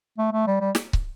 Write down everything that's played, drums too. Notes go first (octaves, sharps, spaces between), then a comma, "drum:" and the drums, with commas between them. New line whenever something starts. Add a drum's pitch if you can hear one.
A3
A3
G3
G3
drum: snare
drum: kick